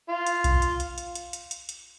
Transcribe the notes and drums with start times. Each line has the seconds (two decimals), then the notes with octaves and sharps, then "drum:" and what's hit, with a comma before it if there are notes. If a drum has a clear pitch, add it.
0.09 F4
0.27 drum: hi-hat
0.44 drum: kick B1, hi-hat
0.62 drum: hi-hat
0.80 drum: hi-hat
0.98 drum: hi-hat
1.15 drum: hi-hat
1.33 drum: hi-hat
1.51 drum: hi-hat
1.69 drum: hi-hat